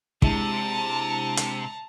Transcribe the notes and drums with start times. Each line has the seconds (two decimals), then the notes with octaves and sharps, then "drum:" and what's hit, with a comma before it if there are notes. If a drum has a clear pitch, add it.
0.22 C3 G#3 D4 E4 A5 A#5, drum: kick
1.37 drum: hi-hat